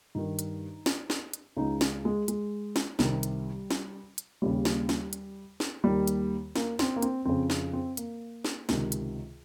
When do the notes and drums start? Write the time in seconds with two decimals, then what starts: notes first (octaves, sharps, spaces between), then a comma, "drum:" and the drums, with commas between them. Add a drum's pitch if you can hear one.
0.15 G2 D#3 D#4
0.39 drum: hi-hat
0.86 drum: snare
1.10 drum: snare
1.33 drum: hi-hat
1.57 C#2 C#3 D#4
1.81 drum: snare
2.05 G#3
2.28 G#3, drum: hi-hat
2.76 drum: snare
2.99 C2 C3 D#3 G3, drum: snare
3.23 drum: hi-hat
3.71 drum: snare
4.18 drum: hi-hat
4.42 D#2 C#3 G3
4.65 drum: snare
4.89 drum: snare
5.13 drum: hi-hat
5.60 drum: snare
5.84 D#2 D#3 G3
6.08 drum: hi-hat
6.56 A#3, drum: snare
6.79 C4, drum: snare
6.96 A#3
7.02 C4, drum: hi-hat
7.25 F2 C#3 C4
7.50 drum: snare
7.73 C4
7.97 A#3, drum: hi-hat
8.45 drum: snare
8.69 C#2 C3 D#3, drum: snare
8.92 drum: hi-hat